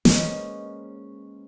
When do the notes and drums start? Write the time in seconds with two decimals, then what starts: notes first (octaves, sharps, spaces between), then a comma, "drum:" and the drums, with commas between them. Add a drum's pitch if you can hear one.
0.05 G#3 A#3 C#4 B4 C5 D#5, drum: snare